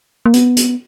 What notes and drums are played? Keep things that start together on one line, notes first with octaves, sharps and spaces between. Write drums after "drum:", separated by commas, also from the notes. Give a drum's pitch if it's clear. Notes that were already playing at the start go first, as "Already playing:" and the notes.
A#3
B3, drum: hi-hat
drum: hi-hat